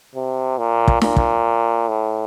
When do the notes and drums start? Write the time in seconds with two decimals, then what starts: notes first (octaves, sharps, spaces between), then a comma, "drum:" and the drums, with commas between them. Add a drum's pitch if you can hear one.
0.15 C3
0.59 A#2
0.88 drum: kick
1.02 A#2, drum: snare
1.16 drum: kick
1.88 A2